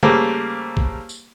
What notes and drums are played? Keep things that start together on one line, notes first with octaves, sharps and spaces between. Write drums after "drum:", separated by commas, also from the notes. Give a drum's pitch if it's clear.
C#3 G3 A3 A#3 C5, drum: tom
drum: kick
drum: tambourine